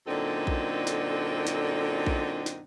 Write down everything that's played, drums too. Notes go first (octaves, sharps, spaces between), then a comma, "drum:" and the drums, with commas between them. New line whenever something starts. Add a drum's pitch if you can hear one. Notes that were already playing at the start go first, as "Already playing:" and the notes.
F#2 A#2 D3 C4 D#4 A4
drum: kick A#1
drum: snare
drum: snare
drum: kick A#1
drum: snare